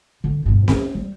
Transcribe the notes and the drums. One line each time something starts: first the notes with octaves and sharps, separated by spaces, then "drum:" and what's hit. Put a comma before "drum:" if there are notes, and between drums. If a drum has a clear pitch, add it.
D3
E1 G2
C4 C#4, drum: snare C4
G3